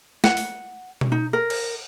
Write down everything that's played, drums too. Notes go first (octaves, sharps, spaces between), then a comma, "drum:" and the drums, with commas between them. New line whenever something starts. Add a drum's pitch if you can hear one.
F#5, drum: snare
drum: open hi-hat
drum: tom B2
D#4
A#4
drum: cymbal